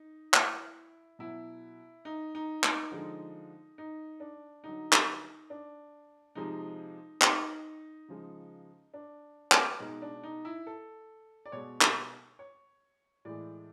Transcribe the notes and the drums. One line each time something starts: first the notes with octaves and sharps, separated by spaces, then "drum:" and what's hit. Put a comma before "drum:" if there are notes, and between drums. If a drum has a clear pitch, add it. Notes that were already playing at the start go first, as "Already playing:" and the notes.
Already playing: D#4
E4, drum: clap
B2 F#3 E4
D#4
D#4
D#4, drum: clap
D3 F3 G#3 D#4
D#4
D4
D3 F#3 D#4
drum: clap
D4
C3 F3 G#3 D#4
D#4, drum: clap
C#3 F3 G#3
D4
drum: clap
B2 G#3 D#4
D4
D#4
E4
A4
D5
B2 G#3 C#5
drum: clap
C#5
A2 E3 G#3 D5